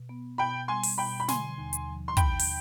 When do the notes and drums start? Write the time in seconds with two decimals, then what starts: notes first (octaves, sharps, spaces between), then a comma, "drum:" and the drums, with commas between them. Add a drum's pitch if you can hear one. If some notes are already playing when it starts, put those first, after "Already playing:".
Already playing: B2
0.09 B3
0.38 B2 G5 B5
0.68 G3 G#5 C6
0.83 drum: open hi-hat
0.98 B2 G5 B5
1.20 B5
1.28 D3 G#5 C6, drum: snare
1.58 D#2
1.73 drum: hi-hat
1.88 F3
2.08 C6
2.17 D#2 G5 B5, drum: kick, hi-hat
2.40 drum: open hi-hat